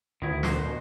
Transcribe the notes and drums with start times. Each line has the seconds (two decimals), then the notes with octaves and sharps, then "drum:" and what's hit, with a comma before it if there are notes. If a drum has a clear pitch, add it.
0.22 D2 D#3 E4
0.43 A#2 F#4 C5, drum: snare
0.65 B2